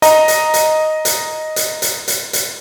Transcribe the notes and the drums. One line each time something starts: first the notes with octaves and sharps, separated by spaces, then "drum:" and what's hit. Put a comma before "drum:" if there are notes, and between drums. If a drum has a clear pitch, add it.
D#5 A#5, drum: hi-hat
drum: hi-hat
drum: hi-hat
drum: hi-hat
drum: hi-hat
drum: hi-hat
drum: hi-hat
drum: hi-hat